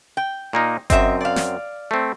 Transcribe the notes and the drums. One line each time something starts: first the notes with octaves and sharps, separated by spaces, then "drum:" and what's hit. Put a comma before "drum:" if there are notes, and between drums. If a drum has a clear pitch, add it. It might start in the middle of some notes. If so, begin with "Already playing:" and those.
G5
A#2 A#3 D#4
F#2 C4 D#5 E5, drum: kick G1, hi-hat
D5 F5
drum: snare
A3 C4